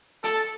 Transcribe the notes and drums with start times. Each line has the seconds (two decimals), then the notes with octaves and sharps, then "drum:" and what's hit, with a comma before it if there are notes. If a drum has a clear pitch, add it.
0.24 A4, drum: hi-hat